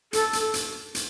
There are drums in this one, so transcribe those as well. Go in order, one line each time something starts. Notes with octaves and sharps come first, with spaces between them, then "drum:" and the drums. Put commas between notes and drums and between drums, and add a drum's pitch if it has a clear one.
A4, drum: hi-hat
drum: hi-hat
drum: hi-hat
drum: hi-hat